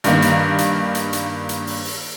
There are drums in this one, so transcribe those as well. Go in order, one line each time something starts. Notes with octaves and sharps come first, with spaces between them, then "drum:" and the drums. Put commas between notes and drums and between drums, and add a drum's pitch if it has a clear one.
G2 D#3 A#3, drum: hi-hat
drum: hi-hat
drum: hi-hat
drum: hi-hat
drum: hi-hat
drum: hi-hat
drum: open hi-hat
drum: open hi-hat